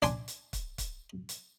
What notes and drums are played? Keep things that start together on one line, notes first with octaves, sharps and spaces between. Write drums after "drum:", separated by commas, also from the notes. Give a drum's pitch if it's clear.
D4 G#5 C6, drum: hi-hat
drum: hi-hat
drum: kick, hi-hat
drum: kick, hi-hat
drum: hi-hat